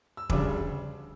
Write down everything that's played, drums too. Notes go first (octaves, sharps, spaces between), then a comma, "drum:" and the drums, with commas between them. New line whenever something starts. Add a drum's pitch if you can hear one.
E6
D2 C#3 G3 D4 D6, drum: kick